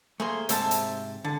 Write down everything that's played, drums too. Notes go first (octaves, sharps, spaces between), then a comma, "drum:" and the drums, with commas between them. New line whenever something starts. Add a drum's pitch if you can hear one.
A3 A#3 G#4 C5 C6
G#2 C3 C5 E5 A5, drum: hi-hat
drum: hi-hat
D3 A5